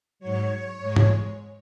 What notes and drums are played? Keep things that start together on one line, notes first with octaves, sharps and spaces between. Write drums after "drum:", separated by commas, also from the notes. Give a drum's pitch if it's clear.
G#2 F#3 C#5
G#2 G#3
drum: tom G#2